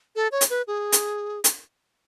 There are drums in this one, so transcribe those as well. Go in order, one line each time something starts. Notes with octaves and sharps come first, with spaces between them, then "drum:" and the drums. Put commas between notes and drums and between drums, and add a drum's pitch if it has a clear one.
A4
C#5
drum: hi-hat
B4
G#4
drum: hi-hat
drum: hi-hat